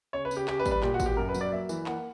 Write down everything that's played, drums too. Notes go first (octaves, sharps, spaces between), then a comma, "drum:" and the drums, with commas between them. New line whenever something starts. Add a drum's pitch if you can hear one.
C#3 C#5
B4
C#3, drum: tambourine
G4
C#4 G4, drum: clap
B4
G3, drum: kick G#1, tambourine
B4
A#2 G4, drum: clap
F#4
A#2, drum: kick G#1, tambourine
G4
F#2 A#4
B4
F#3, drum: tambourine
D5
A#3 E5
E3, drum: tambourine
A#3 F#5, drum: clap